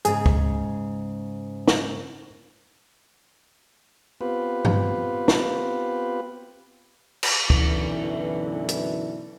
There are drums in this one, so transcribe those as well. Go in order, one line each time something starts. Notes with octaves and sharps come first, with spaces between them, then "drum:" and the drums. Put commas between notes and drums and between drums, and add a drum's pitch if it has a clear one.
G#2 C#3 G#4, drum: hi-hat
drum: kick
drum: snare
B3 C4 F4 G4 B4
drum: tom G2
drum: snare
drum: cymbal
B1 F#2 D3 E3, drum: kick
drum: hi-hat